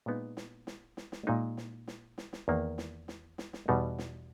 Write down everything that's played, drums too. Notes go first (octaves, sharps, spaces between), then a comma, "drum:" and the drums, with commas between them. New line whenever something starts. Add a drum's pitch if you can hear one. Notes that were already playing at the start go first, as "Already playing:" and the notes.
A#2 G#3 B3 D#4
drum: snare
drum: snare
drum: snare
drum: snare
A#2 G#3 D#4
drum: snare
drum: snare
drum: snare
drum: snare
E2 D#3 A#3
drum: snare
drum: snare
drum: snare
drum: snare
E2 B2 G3 B3 D#4
drum: snare